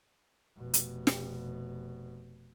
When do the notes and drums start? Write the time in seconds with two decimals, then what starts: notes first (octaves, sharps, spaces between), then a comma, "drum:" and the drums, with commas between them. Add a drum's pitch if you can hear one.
0.57 F1 B2
0.74 drum: hi-hat
1.07 drum: snare